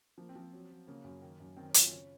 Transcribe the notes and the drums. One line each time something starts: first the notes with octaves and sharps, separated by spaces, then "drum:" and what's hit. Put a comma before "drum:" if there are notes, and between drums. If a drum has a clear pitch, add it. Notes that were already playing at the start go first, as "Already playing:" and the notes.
F3 A#3
C4
F3
C4
F#3
F#3
C#3 A#3
F#2
D#3
F#2
D#3 C4
C#4
F#2, drum: hi-hat
F4
C#3 C#4